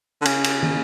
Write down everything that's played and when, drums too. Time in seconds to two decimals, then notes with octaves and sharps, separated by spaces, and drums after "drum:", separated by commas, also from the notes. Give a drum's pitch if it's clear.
0.21 D3
0.25 C#3, drum: cymbal
0.44 drum: cymbal
0.63 drum: tom